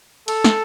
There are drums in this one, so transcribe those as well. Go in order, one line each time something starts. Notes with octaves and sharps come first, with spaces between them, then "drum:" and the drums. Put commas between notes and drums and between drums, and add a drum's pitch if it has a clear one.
A4, drum: cymbal
drum: snare